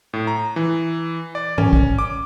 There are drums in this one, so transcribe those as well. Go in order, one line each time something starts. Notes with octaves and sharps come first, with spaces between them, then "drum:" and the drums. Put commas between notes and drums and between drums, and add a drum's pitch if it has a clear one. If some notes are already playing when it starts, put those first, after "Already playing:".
A2
A#5
E3
D5
C#4, drum: tom
drum: kick
D6